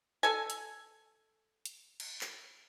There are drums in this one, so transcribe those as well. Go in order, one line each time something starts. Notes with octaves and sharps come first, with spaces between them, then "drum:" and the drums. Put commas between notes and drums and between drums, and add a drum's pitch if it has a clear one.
A4 G#5
drum: hi-hat
drum: hi-hat
drum: cymbal
drum: clap